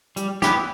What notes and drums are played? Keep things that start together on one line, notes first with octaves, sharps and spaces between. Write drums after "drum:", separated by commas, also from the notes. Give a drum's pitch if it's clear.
G3, drum: hi-hat
B3 E4 G4, drum: snare